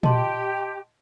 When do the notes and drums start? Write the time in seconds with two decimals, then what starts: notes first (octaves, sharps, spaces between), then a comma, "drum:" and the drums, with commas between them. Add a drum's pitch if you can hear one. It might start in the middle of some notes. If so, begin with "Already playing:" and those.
0.03 G4 D#5 A5 C6, drum: tom A#2